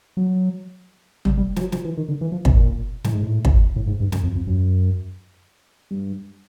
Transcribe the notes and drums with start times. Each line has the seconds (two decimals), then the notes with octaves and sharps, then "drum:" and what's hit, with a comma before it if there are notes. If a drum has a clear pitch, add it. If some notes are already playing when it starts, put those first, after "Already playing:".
0.17 F#3
1.25 G3, drum: tom
1.38 G3
1.56 F3, drum: snare
1.61 F#3
1.72 F3, drum: snare
1.85 E3
1.97 D#3
2.09 D3
2.21 E3
2.32 F3
2.45 B2, drum: kick
2.56 A#2
3.04 A2, drum: snare
3.13 G#2
3.23 A2
3.45 drum: kick
3.76 A2
3.87 G#2
4.00 G2
4.12 F#2, drum: snare
4.24 F2
4.36 F2
4.47 F#2
5.91 G2